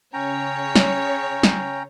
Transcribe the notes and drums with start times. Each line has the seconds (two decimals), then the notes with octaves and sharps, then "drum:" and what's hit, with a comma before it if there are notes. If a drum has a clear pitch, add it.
0.13 C#3 C#4 C#5 G5 A#5
0.76 drum: snare
1.43 drum: snare